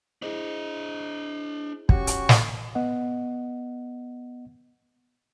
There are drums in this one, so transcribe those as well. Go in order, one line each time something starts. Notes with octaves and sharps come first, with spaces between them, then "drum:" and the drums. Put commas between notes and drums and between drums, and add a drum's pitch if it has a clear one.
D4 E4 G#4 C5 D#5
C#4 F#4 G4 C#6, drum: kick
drum: hi-hat
drum: snare
B3 D#5 F#5